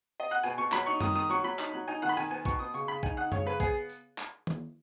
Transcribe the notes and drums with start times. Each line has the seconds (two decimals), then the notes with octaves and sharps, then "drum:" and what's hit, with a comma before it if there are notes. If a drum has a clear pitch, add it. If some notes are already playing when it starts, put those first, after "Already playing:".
0.20 D#5
0.31 F#5
0.43 B2 G#5, drum: tambourine
0.57 B2 C#6
0.72 F#3 B5, drum: clap
0.86 D#4 C#6
1.00 D#3 D#6, drum: tom F#2
1.15 D#3 D#6
1.30 F#3 C#6
1.44 F#3 B5
1.59 D#4, drum: clap
1.74 F#3
1.88 D#4 G#5
2.02 D#3 F#5
2.09 B5
2.17 D#3 G#5, drum: tambourine
2.31 B3 G#5
2.45 B2 C#6, drum: kick
2.59 B2 D#6
2.74 C#3 C#6, drum: tambourine
2.88 C#3 B5
3.03 D#4 G#5, drum: kick
3.17 D#4 F#5
3.32 C#3 C#5, drum: tom F#2
3.46 C#3 B4
3.60 B3 G#4, drum: kick
3.89 drum: tambourine
4.18 drum: clap
4.47 drum: tom D#3